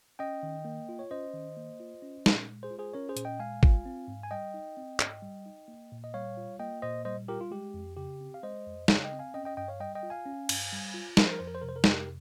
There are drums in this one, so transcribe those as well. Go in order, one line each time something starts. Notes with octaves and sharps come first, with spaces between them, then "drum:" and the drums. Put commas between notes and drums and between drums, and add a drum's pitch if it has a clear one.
C#4 D#5 G5
D#3
A#3
F4
C#5
C#4 C5 D#5
D#3
A#3
F4
C#4
A#2, drum: snare
G#3
G#4 C5
F4
G#4 C5
C#4 A#4 C#5
G#4 C5
A#2, drum: hi-hat
D#5 G5
G#3 F5 G#5
F4, drum: kick
C4
G#2
G#5
G3 D#5 G5
D#4
C4
G#2, drum: clap
G3
D#4
A#3
A#2
D#5
G3 C#5 F5
F4
A#3 D#5 G5
A#2 C5 D#5
G3 C5 D#5
F4 G4 A#4
F4
G#3 G4
F2
C#3 G4
C4
F5
G#3 C5 D#5
F2
C#3 C#5 F5, drum: snare
D#5 G5
C4
F5 G#5
C#4 D#5 G5
D#5 G5
G2 D#5 G5
C#5 F5
G3 D#5 G5
D#5 G5
F4
F5 G#5
C#4
G2, drum: cymbal
G3
F4
F3 A#4, drum: snare
C5
A#4
F2 C5
A#4
C5
C3 A#4
C5
A#4
C5, drum: snare
F2 G4 A#4